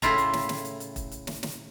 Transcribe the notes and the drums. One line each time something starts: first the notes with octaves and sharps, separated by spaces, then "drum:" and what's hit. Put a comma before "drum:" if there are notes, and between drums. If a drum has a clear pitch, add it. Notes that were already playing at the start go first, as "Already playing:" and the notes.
A2 C#3 E4 F4 A#5, drum: kick E1, hi-hat
drum: hi-hat
drum: snare
drum: snare
drum: hi-hat
drum: hi-hat
drum: kick E1, hi-hat
drum: hi-hat
drum: snare
drum: snare